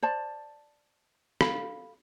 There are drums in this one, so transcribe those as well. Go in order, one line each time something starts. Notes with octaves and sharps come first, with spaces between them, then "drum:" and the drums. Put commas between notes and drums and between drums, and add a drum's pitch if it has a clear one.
C5 D5 A5
A4 F5 B5, drum: rim click